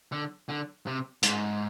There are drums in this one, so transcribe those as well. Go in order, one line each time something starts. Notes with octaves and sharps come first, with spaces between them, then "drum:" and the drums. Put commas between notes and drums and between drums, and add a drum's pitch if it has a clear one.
D3
D3
C3
G#2, drum: hi-hat